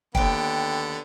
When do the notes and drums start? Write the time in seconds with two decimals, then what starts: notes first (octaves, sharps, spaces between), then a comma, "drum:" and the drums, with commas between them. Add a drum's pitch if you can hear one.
0.15 D#2 D3 B3 G5, drum: kick